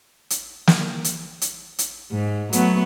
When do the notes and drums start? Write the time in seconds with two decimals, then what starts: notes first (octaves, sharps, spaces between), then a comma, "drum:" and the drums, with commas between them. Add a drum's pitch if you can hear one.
0.30 drum: hi-hat
0.67 drum: snare
1.04 drum: hi-hat
1.41 drum: hi-hat
1.79 drum: hi-hat
2.12 G#2
2.53 F#3 A3 B3, drum: hi-hat